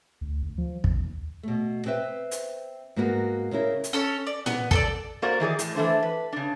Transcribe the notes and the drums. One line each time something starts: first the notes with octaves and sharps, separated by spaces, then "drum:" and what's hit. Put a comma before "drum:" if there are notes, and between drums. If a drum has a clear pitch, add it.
D2
D2
F3
A1, drum: kick
D#2
B2 A3
C4 B4 C5 E5
drum: hi-hat
G#2 A#3 B3 F#4 A#4
C#3 C#4 E4 A#4
drum: hi-hat
C#4 A4 C#5
D5
B3, drum: tom A2
A4 C5 D5, drum: kick
A#3 F#4 A#4 C5 D5 F#5
D#3 E3 G#4 D5
A2, drum: hi-hat
E3 A3 D4 C5
B4
C#3 D4